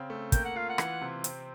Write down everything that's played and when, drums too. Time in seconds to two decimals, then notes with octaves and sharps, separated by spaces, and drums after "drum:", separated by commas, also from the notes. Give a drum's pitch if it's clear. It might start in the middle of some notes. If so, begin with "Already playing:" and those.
Already playing: C#3 C4
0.10 A3
0.32 A#3 G5, drum: kick, hi-hat
0.45 F#5
0.56 F4 F5
0.69 F#5
0.78 E3, drum: rim click
1.02 C3
1.24 C4, drum: hi-hat